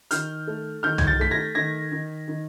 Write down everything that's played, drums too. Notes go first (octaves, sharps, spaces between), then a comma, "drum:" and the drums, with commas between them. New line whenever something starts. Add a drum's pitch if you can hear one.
D#3 F6 G6, drum: hi-hat
A3
D#3 F6 G6
G#6, drum: tom C2
G6 A6
A3 B6
G#6 A#6
D#3 G#6 A#6
D#3
D#3